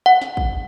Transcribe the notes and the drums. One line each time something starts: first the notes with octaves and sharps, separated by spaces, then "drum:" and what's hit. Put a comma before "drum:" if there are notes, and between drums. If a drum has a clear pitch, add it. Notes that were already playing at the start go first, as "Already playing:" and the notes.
F#5
drum: snare
drum: kick